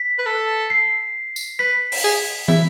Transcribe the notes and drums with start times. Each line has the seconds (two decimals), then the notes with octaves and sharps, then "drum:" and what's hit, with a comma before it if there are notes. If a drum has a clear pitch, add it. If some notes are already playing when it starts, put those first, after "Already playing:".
Already playing: B6
0.19 B4
0.26 A4
0.70 C7
1.36 drum: tambourine
1.59 B4 B6
1.92 drum: open hi-hat
2.04 G#4
2.48 E4, drum: tom